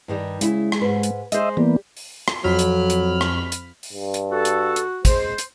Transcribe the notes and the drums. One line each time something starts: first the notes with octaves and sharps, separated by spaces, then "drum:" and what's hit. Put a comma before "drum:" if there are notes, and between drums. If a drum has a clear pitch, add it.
G2 D#3 G3
C#3 G#3 E4, drum: hi-hat
drum: rim click
G#2 B4
drum: hi-hat
G#3 C5 D#5 E5, drum: hi-hat
E3 G3 A#3 B3
drum: open hi-hat
drum: rim click
F2 F#3 B5 F6
drum: hi-hat
drum: hi-hat
drum: rim click
drum: hi-hat
drum: open hi-hat
G2
drum: hi-hat
F#4 A4
drum: hi-hat
drum: hi-hat
G#3 C5, drum: kick, hi-hat
drum: hi-hat